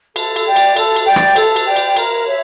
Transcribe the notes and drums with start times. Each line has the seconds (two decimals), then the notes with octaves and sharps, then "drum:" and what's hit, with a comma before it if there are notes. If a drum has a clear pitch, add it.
0.16 A4, drum: cymbal
0.36 drum: cymbal
0.46 D5 G5
0.56 drum: cymbal
0.76 A4, drum: cymbal
0.96 drum: cymbal
1.06 D5 G5
1.16 drum: rim click
1.36 A4, drum: cymbal
1.56 drum: cymbal
1.66 D5 G5
1.76 drum: cymbal
1.96 A#4, drum: cymbal
2.26 C#5 E5